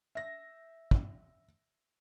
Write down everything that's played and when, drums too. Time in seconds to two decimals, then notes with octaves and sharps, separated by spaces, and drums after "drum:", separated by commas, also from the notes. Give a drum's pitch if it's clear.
0.15 E5 A#6
0.91 drum: kick